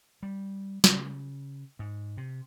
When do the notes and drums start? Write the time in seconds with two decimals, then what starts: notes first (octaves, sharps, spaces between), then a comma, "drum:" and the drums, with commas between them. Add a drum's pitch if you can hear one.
0.23 G3
0.84 C#3, drum: snare
1.79 G#2
2.17 C3